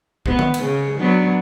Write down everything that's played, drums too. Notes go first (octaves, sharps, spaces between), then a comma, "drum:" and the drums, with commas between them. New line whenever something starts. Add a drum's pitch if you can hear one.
B3, drum: kick
drum: tom D#3
drum: cymbal
C#3
F#3 B3 D4